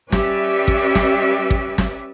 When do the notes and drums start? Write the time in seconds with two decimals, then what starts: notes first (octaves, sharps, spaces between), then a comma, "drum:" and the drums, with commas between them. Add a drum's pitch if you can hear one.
0.12 G3 C#4 G4 B4 D5 E5, drum: snare
0.68 drum: kick
0.95 drum: snare
1.50 drum: kick
1.78 drum: snare